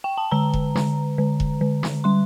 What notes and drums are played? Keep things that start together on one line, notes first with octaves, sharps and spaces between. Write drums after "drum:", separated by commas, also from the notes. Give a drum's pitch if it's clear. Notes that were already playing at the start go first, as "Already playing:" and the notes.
G5
A5
D3 A#5
drum: kick E1
D3, drum: snare
D3
drum: kick E1
D3
drum: snare
G3 C6